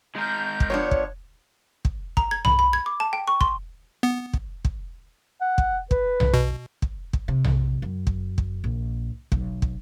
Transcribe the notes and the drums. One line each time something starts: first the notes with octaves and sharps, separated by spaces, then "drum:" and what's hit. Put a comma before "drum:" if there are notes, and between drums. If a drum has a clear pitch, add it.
G#3 A#4 G6
drum: kick
F3 B3 D4 C#5
drum: kick
drum: kick
A#5, drum: kick
G#6
B5, drum: tom B1
B5
G#6
D6
A5
G5
C#6
C6, drum: kick
B3
drum: kick
drum: kick
F#5
drum: kick
B4, drum: kick
drum: tom B1
B2
drum: kick
drum: kick
C3
drum: tom B1
F#2
drum: kick
drum: kick
A#1
B1, drum: kick
drum: kick